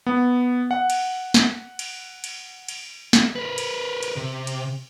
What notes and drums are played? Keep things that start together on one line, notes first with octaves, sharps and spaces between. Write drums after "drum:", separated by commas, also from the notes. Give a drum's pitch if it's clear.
B3
F#5
drum: cymbal
drum: snare
drum: cymbal
drum: cymbal
drum: cymbal
drum: snare
A#4 B4
drum: cymbal
drum: cymbal
C3
drum: cymbal